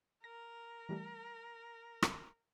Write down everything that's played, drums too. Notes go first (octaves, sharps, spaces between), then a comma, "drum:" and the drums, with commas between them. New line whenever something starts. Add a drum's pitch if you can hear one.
A#4 A#6
E3 G3 A3
drum: rim click